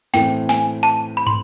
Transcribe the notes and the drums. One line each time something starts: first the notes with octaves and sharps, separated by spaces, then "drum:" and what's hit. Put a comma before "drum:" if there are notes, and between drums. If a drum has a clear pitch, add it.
A2 E3 A3 C4 G5, drum: snare
G#5, drum: snare
A5
B5
C6, drum: tom